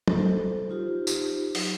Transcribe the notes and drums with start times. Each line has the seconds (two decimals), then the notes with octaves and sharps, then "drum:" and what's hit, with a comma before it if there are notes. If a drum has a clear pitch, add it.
0.08 A4 C5, drum: tom
0.70 D#4 F4 G4 C5
1.07 drum: tambourine
1.55 F#3, drum: open hi-hat